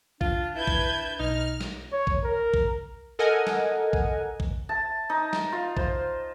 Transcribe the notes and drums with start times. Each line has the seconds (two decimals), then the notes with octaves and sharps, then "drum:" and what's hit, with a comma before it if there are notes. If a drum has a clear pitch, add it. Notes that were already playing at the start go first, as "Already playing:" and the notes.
0.21 D4 F4, drum: kick A#1
0.56 E4 B4 G6 G#6
0.67 drum: kick A#1
1.20 B1 D#4 F6
1.61 drum: snare
1.93 C#5
2.07 drum: kick A#1
2.24 A#4
2.54 drum: kick A#1
3.19 A4 A#4 D#5 F#5 G#5
3.47 drum: snare
3.93 drum: kick A#1
4.40 drum: kick A#1
4.69 A5
5.10 D#4
5.33 drum: snare
5.52 F4
5.77 C5, drum: kick A#1